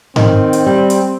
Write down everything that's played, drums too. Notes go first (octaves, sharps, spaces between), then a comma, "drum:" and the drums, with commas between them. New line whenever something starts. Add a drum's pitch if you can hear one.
D#3 C4, drum: tom G#2
drum: hi-hat
G3
drum: hi-hat